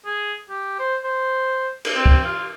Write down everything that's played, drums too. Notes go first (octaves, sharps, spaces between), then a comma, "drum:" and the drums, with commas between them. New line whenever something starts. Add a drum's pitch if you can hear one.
G#4
G4
C5
C5
drum: cymbal
C4
drum: kick
F4